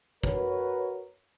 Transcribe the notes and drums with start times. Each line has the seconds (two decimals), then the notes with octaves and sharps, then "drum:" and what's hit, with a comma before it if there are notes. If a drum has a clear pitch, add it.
0.23 F#4 A#4 B4 C#5, drum: kick